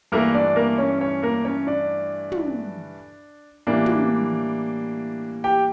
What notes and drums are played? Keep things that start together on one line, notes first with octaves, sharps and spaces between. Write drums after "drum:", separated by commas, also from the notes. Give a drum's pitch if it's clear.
G2 E3 A3 A#3 A#4
D4 D5
A#3 A#4
C#4 C#5
C#4 C#5
A#3 A#4
C#4 C#5
D4 D5
drum: tom
A2 E3 G3 A#3 D4 D5
drum: tom
G4 G5